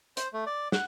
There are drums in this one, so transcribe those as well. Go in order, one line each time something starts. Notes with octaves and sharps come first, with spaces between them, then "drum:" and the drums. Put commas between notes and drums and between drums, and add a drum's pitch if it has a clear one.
C5, drum: hi-hat
A3
D5
F#5, drum: snare